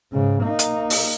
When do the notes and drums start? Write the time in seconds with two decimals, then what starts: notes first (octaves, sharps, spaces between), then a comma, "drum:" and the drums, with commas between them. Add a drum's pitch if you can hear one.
0.12 G#2 C#3
0.43 A#3 D#4
0.59 drum: hi-hat
0.90 drum: open hi-hat